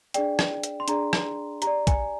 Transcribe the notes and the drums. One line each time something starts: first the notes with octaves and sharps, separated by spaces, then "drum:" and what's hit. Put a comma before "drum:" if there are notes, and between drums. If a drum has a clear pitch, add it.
D4 G#4 D5 G5, drum: hi-hat
drum: rim click
drum: hi-hat
C6
D4 G#4 D5 A#5, drum: hi-hat
drum: rim click
G4 A#5, drum: hi-hat
D5
G#5, drum: kick, hi-hat